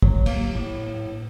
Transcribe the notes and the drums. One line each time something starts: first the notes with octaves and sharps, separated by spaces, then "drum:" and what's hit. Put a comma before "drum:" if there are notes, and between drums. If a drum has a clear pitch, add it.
F#3, drum: kick
A#3, drum: cymbal
A2